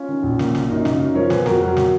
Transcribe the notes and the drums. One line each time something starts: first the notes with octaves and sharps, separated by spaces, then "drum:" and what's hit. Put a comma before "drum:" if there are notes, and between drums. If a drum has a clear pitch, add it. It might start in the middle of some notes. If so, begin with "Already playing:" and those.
Already playing: C#4 F4
D#3
A#1
A#3, drum: snare
A#2, drum: snare
F#2 D#4
C#3, drum: snare
F#2
F3 A#4 C#5
B3 G#4 B4, drum: snare
F2 F#4 A#4, drum: snare
F#3
drum: snare